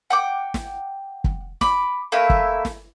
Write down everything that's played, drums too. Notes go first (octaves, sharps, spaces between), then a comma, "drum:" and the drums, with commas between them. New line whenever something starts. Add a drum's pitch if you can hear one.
F#5 G5 D6
drum: snare
drum: kick
B5 D6, drum: snare
A3 A#3 E4 E5
drum: kick
drum: snare